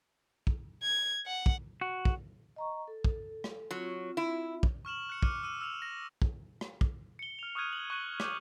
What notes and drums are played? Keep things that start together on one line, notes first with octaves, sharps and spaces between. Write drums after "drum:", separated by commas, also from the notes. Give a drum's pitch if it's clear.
drum: kick
G#6
F#5
drum: kick
F#4
drum: kick
D#5 A#5 C#6
A4
drum: kick
drum: rim click
F#3 C4 F4
E4
drum: kick
C#6 F6 E7 F#7
F#6 C#7
D6 F6 D#7, drum: kick
E6 D#7
E6 F6 F7
A#6
drum: kick
drum: rim click
drum: kick
C#7 G7
F6 F7
C#6 D#6 F6 F#6 G#6 D#7
F#7
C#6 F#6 D#7 F#7
D6 G6, drum: rim click